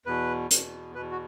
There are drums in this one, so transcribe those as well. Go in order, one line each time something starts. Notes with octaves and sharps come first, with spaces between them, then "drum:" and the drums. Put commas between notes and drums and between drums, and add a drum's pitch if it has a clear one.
E2 B2 B4
E2 B2, drum: hi-hat
E2 B2 B4
F#4